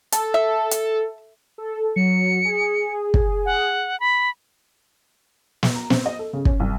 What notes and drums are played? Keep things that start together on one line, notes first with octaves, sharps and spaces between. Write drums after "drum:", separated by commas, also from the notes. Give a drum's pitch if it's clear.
A4, drum: hi-hat
E5
drum: hi-hat
A4
F#3 C#7
G#4
drum: kick
F#5
B5
drum: snare
A#5
C4, drum: snare
D#5
A4
C#3
C#4, drum: kick
C2